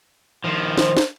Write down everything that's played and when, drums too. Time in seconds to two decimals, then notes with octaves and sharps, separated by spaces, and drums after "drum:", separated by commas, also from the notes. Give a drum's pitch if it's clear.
0.44 D#3 F3
0.77 C5, drum: snare
0.97 drum: snare